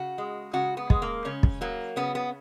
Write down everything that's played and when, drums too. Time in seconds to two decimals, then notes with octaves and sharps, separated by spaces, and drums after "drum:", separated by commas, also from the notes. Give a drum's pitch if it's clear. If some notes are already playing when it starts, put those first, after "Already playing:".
Already playing: C#3 F#4
0.18 G#3
0.53 C#3 F#4
0.77 B3
0.90 G#3, drum: kick
1.02 A#3
1.25 C#3 C#4
1.43 drum: kick
1.61 F#3 A#3
1.96 C#3 B3
2.15 B3